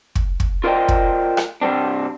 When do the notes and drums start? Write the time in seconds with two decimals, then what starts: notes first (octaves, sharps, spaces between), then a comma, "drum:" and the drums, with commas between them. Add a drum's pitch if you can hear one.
0.15 drum: kick
0.40 drum: kick
0.64 F4 A#4 C5 D5 D#5 G5
0.88 drum: kick
1.37 drum: rim click
1.61 G2 C3 G3 C4 D4